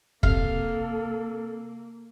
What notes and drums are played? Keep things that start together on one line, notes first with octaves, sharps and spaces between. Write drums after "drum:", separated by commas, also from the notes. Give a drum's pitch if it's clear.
C3 A#3 A4 F5, drum: kick